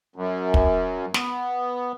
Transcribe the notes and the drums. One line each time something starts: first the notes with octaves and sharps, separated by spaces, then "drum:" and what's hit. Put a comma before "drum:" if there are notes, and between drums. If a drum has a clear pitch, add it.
F#2
drum: kick
B3, drum: snare